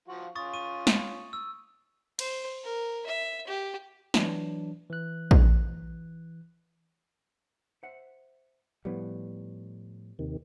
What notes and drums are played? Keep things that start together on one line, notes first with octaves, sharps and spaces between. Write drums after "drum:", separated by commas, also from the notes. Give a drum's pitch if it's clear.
F3 F4 F#4
C#4 F4 C#6 D#6 A6
C#6 D#7
drum: snare
E6
C5, drum: cymbal
A#4
E5
G4
E3 F#3 D4, drum: snare
E3 F#6
drum: kick A#1
C5 E5 F#5
A2 F3 G3 B3 E4
D#2 C3 D#3